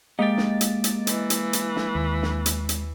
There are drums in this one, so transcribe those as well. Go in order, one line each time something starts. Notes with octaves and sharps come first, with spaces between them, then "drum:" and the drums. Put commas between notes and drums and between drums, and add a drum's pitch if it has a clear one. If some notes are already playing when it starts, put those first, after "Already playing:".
G#3 A#3 G4 D#5 G5 A6
drum: snare
drum: hi-hat
drum: hi-hat
E3, drum: hi-hat
drum: hi-hat
drum: hi-hat
drum: snare
D#2
drum: snare
drum: hi-hat
drum: hi-hat